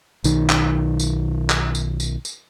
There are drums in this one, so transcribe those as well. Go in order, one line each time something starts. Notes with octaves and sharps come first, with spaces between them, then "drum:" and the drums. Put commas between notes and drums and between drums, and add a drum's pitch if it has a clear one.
B1 D#3, drum: tambourine
drum: clap
drum: tambourine
drum: clap
drum: tambourine
drum: tambourine
drum: tambourine